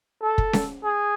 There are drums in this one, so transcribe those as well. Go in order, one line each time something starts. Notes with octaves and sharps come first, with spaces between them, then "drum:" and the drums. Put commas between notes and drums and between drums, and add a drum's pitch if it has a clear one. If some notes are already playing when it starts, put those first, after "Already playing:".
A4
drum: kick
drum: snare C#4
G#4